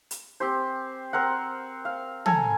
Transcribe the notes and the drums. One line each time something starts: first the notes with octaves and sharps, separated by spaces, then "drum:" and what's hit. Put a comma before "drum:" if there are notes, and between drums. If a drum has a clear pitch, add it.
drum: hi-hat
C4 G4 C5
C4 A#4 F#5
F5
A4 G#5 A#5, drum: tom